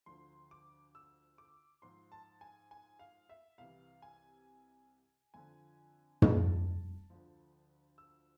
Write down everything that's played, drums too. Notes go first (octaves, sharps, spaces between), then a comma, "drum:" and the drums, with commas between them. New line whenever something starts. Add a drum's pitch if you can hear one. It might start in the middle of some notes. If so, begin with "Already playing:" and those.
D2 D3 F3 C6
D6
E6
D6
G#2 F3 C6
A5
G#5
G#5
F5
E5
C2 C3 E3 F5
G#5
F2 D3 F3 G#5
A5, drum: tom
D2 D3 F3
E6